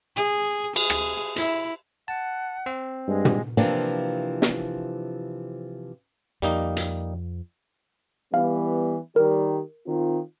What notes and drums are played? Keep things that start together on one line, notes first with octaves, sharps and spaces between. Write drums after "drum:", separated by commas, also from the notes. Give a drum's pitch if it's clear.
G#4
G#4, drum: cymbal
drum: rim click
E4, drum: hi-hat
F#5 A5
C4
G2 G#3
drum: tom
C3 E3 F3 A#3 C4 D4
drum: snare
F2 F3 G3 A#3 D#4
drum: hi-hat
E3 G3 B3 F5
D#3 G3 G4 A#4
D#3 C4 F4